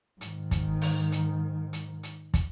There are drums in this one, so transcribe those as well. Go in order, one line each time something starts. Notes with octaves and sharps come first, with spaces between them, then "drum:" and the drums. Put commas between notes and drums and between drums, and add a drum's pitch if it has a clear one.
G#2 D#3, drum: hi-hat
drum: kick, hi-hat
drum: open hi-hat
drum: hi-hat
drum: hi-hat
drum: hi-hat
drum: kick, hi-hat